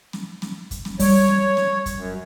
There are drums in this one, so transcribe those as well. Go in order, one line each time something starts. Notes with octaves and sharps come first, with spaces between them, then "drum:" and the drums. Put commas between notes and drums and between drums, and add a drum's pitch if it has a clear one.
drum: snare
drum: snare
drum: kick, hi-hat
drum: snare
G3 C#5, drum: kick, open hi-hat
drum: snare
drum: snare
drum: kick, hi-hat
F#2